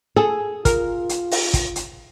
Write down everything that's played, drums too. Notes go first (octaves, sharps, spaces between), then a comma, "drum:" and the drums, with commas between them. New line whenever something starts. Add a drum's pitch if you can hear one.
G#4 A4
F4 A#4, drum: kick, hi-hat
drum: hi-hat
drum: open hi-hat
drum: kick, hi-hat
drum: hi-hat